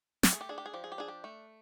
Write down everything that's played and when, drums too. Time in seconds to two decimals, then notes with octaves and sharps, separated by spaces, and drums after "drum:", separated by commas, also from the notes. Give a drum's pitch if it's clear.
0.23 A3 G4, drum: snare
0.33 G#4
0.41 G4
0.49 D4 G#4
0.58 G4
0.66 G#4
0.74 F3 G4
0.84 G#4
0.92 G4
0.98 D4 G#4
1.08 G4
1.24 A3